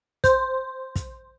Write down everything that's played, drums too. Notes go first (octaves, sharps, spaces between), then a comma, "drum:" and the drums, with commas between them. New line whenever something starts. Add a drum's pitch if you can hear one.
C5, drum: kick, hi-hat
drum: kick, hi-hat